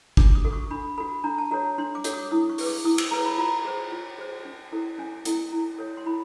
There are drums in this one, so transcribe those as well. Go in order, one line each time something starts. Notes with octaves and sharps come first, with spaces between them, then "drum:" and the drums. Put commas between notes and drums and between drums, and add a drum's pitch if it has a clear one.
D4 D6, drum: kick
D#6
F#4 A4
C#6
D4 B5
F#4 A4 B5
D4 A#5
A5
F#4 A4 C#5 A#5
D4 C6
D6
F#4 A4 C#5, drum: hi-hat
D#6
E4 D#6
C#6
G#4 B4, drum: open hi-hat
D6
E4 D#6
E6, drum: cymbal
G#4 B4 A#5
B5
F4 A#5
G#4 C5
F4
G#4 C5
C#4
E4 A4
C#4 G#5
E4 A4, drum: hi-hat
E4
A4 C#5
C6
E4 B5